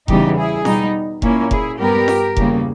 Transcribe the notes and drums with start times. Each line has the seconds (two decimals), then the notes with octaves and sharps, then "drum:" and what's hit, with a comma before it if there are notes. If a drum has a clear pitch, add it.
0.08 E2 C#3 E3 G3 B3 D#4 G4, drum: kick F1
0.38 E4 G#4
0.65 B2 G3 B3 D#4, drum: snare F4
1.22 A#2 A#3 C#4 E4, drum: kick F1
1.51 E4 G#4, drum: kick F1
1.79 G2 G3 B3 G4 A#4
2.08 drum: snare F4
2.37 E2 C#3 G3 A#3, drum: kick F1